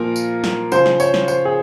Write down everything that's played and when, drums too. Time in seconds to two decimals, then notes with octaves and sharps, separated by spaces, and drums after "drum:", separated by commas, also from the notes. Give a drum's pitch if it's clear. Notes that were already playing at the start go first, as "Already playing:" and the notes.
Already playing: A#2 F3 A#4
0.16 drum: tambourine
0.44 drum: snare
0.72 C#3 F3 C5, drum: tambourine
0.86 drum: snare
1.00 C#5, drum: tambourine
1.14 drum: snare
1.28 C5, drum: tambourine
1.45 G#4